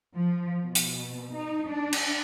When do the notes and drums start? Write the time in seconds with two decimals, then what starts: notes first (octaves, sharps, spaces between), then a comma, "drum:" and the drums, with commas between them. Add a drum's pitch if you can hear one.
0.15 F3
0.63 B2
0.75 drum: hi-hat
1.33 D#4
1.67 D4
1.93 drum: cymbal